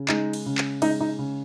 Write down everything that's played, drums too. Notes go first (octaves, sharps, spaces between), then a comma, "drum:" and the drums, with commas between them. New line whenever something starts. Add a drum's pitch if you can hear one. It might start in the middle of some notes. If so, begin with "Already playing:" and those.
Already playing: C#3
G#3 D#4, drum: clap
drum: cymbal
C#3
drum: clap
G#3 D#4, drum: cymbal
D#4
C#3